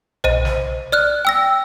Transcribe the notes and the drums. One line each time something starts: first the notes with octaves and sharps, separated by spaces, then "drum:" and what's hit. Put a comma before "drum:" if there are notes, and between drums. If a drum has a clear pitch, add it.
C5 D#5 D#7, drum: tom B1
drum: snare
D5 F6 F#6
G5 E6 A#6